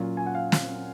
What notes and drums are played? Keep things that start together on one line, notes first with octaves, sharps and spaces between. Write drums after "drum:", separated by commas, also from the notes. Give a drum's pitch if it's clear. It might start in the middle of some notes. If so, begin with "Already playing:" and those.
Already playing: A#2 F#3 C#4 F4
G#5
F#5
F5
drum: snare